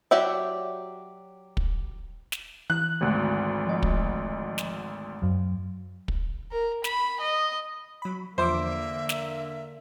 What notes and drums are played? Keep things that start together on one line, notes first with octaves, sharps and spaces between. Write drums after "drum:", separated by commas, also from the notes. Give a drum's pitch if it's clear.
F#3 F#4 G4 D5 E5
drum: kick
drum: snare
E3 F#6
G#1 D2
F3 D#5
drum: kick
drum: snare
F#2 F#3
drum: kick
A#4
B5, drum: snare
D#5
F#3 B5
E2 D3 F3 A#3 C5 E5 D6
drum: snare